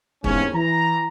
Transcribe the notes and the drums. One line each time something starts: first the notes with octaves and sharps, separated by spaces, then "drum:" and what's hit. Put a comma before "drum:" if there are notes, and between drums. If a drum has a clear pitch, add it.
E2 G#2 C3 A#3 C#4, drum: kick
E3 A#5